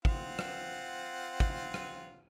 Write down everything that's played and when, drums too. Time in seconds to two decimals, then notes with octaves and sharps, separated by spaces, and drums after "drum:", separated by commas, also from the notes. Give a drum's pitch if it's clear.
0.05 C4 F4 F#5, drum: kick
0.39 drum: rim click
1.40 drum: kick
1.74 drum: rim click